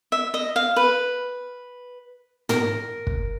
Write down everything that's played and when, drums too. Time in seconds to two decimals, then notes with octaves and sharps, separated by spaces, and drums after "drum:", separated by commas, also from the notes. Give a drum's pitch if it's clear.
0.12 E5
0.34 D#5
0.56 F5
0.76 B4
2.49 A#4, drum: tom
3.07 drum: kick